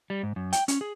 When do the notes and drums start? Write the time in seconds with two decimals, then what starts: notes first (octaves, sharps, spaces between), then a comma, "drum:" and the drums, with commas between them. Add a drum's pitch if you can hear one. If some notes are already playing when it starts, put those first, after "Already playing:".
0.10 G3
0.23 G#2
0.36 F#2
0.53 G5, drum: hi-hat
0.68 C#4, drum: hi-hat
0.81 G#4